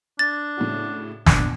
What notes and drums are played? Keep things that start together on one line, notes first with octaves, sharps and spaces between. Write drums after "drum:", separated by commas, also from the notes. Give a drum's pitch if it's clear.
D4 A6
A2 C#3 F#4
A#1 B2 D4, drum: snare